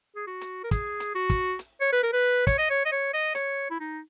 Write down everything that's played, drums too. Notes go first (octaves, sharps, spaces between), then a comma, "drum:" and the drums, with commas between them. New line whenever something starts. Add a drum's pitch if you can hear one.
G#4
F#4
drum: hi-hat
A#4
G#4, drum: kick, hi-hat
drum: hi-hat
F#4
drum: kick, hi-hat
drum: hi-hat
C#5
B4
A#4
B4
C#5, drum: kick, hi-hat
D#5
C#5
D#5
C#5
D#5
C#5, drum: hi-hat
E4
D#4